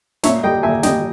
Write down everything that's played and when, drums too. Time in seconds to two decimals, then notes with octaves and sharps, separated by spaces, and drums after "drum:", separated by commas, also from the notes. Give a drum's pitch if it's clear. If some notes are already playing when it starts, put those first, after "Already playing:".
0.23 A#2 C#5 E5, drum: snare
0.43 G3 D#5 G5
0.63 A#2 E5 G#5
0.83 G3 D#5 G5, drum: snare